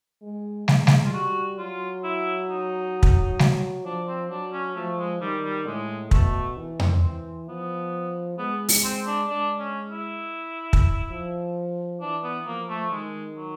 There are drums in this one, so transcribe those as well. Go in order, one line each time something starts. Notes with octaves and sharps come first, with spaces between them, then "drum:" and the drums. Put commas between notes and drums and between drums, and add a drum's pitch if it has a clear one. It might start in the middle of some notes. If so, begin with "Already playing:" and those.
G#3
G#3, drum: snare
drum: snare
F4
G3 F#4
F#3 F4
E4
D#4
drum: kick
drum: snare
F3 D4
C4
F#3 D4
C#4
F3 A3
G#3
D#3 G3
G3
A2 G#3
B2 A3, drum: kick
E3
C4, drum: tom E2
E3 C4
F3 B3
G#3 B3
drum: open hi-hat
C4
D4
G#3 D4
C#4
E4
drum: kick
F3
E3 D4
B3
F3 A#3
A3
D#3 G#3
F#3